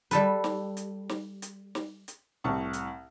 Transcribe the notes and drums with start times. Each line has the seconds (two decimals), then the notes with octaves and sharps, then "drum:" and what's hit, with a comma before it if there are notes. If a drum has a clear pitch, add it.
0.11 G3 A4 B4, drum: hi-hat
0.44 drum: snare
0.77 drum: hi-hat
1.09 drum: snare
1.42 drum: hi-hat
1.75 drum: snare
2.08 drum: hi-hat
2.44 C2 A2 A5 C#6
2.73 drum: hi-hat